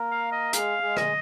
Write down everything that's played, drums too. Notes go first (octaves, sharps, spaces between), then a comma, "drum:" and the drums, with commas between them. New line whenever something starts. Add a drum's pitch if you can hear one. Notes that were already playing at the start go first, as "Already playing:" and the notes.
Already playing: A#3 A#4
F5
D#5
G#3 G#4 F5, drum: hi-hat
G#3 G#4
D#5, drum: rim click